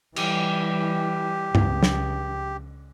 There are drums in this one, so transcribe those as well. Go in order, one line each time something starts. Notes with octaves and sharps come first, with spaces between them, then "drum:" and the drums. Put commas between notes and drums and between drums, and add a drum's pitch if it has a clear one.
E3 G3 G4, drum: cymbal
C#2, drum: tom G2
drum: snare